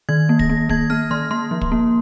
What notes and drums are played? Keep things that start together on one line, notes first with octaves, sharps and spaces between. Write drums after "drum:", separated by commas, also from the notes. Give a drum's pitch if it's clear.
D#3 G#6
A#3
A#6, drum: kick
A#3
A#3 G#6, drum: kick
A#3 F6
D#3 C6
A#3 C6
F3
drum: kick
A#3